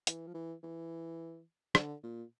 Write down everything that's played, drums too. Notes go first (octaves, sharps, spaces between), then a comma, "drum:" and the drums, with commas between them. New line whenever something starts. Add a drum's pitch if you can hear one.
E3, drum: hi-hat
F3
E3
E3
D3, drum: rim click
A#2